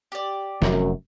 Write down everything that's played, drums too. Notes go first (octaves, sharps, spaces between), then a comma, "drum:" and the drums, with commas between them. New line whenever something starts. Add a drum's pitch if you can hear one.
G4 D5
F1 F#2, drum: snare